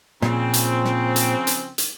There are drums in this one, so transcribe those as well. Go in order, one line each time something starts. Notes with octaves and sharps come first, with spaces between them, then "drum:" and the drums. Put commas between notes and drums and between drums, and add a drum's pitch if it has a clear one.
A#2 C#3 F3 C4, drum: snare
drum: hi-hat
drum: snare
drum: hi-hat
drum: hi-hat
drum: hi-hat